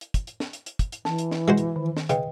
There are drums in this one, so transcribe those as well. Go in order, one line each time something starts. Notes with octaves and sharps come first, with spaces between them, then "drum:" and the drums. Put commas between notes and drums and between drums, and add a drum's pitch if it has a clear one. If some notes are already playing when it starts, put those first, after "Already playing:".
drum: hi-hat
drum: kick, hi-hat
drum: hi-hat
drum: snare
drum: hi-hat
drum: hi-hat
drum: kick, hi-hat
drum: hi-hat
E3 A5, drum: snare
drum: hi-hat
drum: snare
G#3 F#4 C5
drum: hi-hat
D#3
drum: snare
C#3 B4 D#5 G5, drum: hi-hat